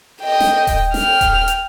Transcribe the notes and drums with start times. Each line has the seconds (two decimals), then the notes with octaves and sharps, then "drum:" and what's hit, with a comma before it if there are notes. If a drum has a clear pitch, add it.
0.22 D#5 G5
0.40 drum: snare
0.67 drum: kick D#1, open hi-hat
0.94 G5 F6, drum: snare
1.21 drum: kick D#1, hi-hat
1.48 drum: hi-hat